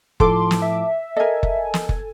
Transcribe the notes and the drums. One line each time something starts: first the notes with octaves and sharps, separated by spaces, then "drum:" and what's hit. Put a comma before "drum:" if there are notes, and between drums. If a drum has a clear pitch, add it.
A2 F3 A4 C6 D6, drum: kick F#1
drum: snare
E5
A4 A#4 D#5 G#5
drum: kick F#1
drum: snare
drum: kick F#1